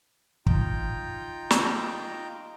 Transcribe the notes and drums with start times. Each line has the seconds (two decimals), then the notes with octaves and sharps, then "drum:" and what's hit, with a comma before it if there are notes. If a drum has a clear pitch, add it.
0.46 D#4 F4 G5 A#5 G6, drum: kick
1.51 drum: snare